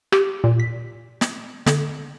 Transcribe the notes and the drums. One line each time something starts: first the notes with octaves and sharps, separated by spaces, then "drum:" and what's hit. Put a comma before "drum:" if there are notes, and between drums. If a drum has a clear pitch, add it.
G4, drum: rim click
A#2
B6
drum: snare
D3, drum: snare